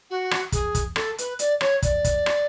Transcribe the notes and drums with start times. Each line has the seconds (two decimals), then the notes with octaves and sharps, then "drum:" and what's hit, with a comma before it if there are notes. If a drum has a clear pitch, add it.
0.10 F#4
0.31 drum: rim click
0.52 G#4, drum: kick, hi-hat
0.75 drum: kick, hi-hat
0.96 A4, drum: rim click
1.18 B4, drum: hi-hat
1.39 D5, drum: hi-hat
1.61 C#5, drum: rim click
1.83 D5, drum: kick, hi-hat
2.05 drum: kick, hi-hat
2.26 drum: rim click